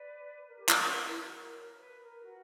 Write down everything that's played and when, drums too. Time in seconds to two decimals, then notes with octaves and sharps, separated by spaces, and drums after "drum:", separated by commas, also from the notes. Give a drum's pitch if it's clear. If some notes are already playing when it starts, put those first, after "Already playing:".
Already playing: B4 D5
0.47 A#4
0.57 G4
0.69 A#4, drum: clap
0.79 A#4 C#5
0.90 A#4
1.05 E4
1.20 F#4
1.34 A#4 C#5
1.77 B4
2.00 A#4
2.22 F#4